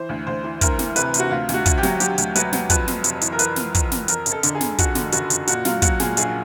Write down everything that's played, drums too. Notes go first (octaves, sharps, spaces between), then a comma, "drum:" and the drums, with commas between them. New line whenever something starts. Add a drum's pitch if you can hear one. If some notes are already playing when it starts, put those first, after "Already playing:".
Already playing: E3 C5
D2
D2 C5
E3
D2 A#4, drum: kick, hi-hat
E3, drum: snare
C3 B4, drum: hi-hat
C3, drum: hi-hat
F#4
D2 F4
D2, drum: snare
F#4
D2, drum: kick, hi-hat
G4
F#3, drum: snare
F#3 G4, drum: hi-hat
D2, drum: hi-hat
F#3 B4, drum: hi-hat
F#3, drum: snare
F2 B4, drum: kick, hi-hat
F2, drum: snare
F1, drum: hi-hat
E3, drum: hi-hat
A#4
E3 B4, drum: hi-hat
F2, drum: snare
F2, drum: kick, hi-hat
F2, drum: snare
F2 A#4, drum: hi-hat
F#1, drum: hi-hat
A4
D3, drum: hi-hat
G#4
D3, drum: snare
F2 F#4, drum: kick, hi-hat
D3, drum: snare
F#1 F#4, drum: hi-hat
F#1, drum: hi-hat
A#2 F#4, drum: hi-hat
F#3 F4, drum: snare
F#3 F#4, drum: kick, hi-hat
A#2 G#4, drum: snare
A#1 G#4, drum: hi-hat